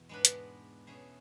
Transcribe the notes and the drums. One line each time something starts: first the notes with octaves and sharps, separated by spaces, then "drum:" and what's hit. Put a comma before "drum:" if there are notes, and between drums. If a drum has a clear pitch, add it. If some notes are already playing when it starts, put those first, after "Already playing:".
Already playing: E2 B2
G#2 G#3 B3 D4 B4
drum: hi-hat
B2 A3 C#4 G#4